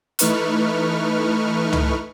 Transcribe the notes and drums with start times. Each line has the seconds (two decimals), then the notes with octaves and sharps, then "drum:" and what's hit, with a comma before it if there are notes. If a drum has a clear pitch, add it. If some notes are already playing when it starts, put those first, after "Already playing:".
0.19 E3 A3 D#4 B4 C#6 F6, drum: hi-hat
1.73 drum: tom